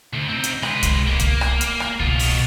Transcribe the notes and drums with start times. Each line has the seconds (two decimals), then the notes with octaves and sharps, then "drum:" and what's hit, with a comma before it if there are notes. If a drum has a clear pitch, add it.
0.14 D2
0.29 C4 D#4
0.44 drum: hi-hat
0.63 G#3 B4, drum: rim click
0.83 drum: kick C2, hi-hat
1.06 A#3 G4
1.20 A#3, drum: kick C2, hi-hat
1.41 drum: rim click
1.61 drum: hi-hat
1.80 drum: rim click
2.00 B2 F4, drum: kick C2
2.19 drum: open hi-hat